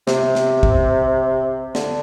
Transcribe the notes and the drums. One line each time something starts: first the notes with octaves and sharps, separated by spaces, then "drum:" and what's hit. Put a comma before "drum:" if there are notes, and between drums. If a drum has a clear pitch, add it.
C3, drum: snare
drum: snare
drum: kick
D3, drum: snare